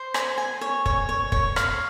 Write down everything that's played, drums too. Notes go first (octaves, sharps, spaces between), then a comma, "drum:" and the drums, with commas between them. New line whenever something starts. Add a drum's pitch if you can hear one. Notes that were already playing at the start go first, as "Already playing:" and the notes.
Already playing: C5
G#5, drum: rim click
G#5
C#5
C#5, drum: kick
C#5
C#5, drum: kick
F5, drum: rim click